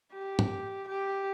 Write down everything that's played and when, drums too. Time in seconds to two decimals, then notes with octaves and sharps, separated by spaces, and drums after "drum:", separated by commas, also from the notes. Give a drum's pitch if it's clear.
0.13 G4
0.39 drum: tom G2
0.88 G4